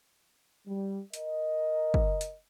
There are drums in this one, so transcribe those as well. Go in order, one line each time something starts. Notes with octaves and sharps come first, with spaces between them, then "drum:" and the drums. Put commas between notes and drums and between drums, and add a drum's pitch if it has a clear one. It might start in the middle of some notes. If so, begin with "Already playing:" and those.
G3
A#4 D#5, drum: hi-hat
drum: kick
drum: hi-hat